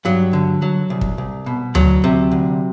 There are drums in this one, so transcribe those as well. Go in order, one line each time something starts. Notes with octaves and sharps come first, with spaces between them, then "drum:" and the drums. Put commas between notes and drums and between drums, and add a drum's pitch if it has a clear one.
G2 F#3
D3
F#3
C2
drum: kick
C2
B2
D2 F#3, drum: tom D2
C3
D2